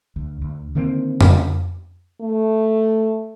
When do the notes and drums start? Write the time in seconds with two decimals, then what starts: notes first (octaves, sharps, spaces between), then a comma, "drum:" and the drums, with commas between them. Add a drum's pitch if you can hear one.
0.16 D2
0.41 D2
0.75 D3 D#3 A#3 C4
1.21 drum: tom F2
2.21 A3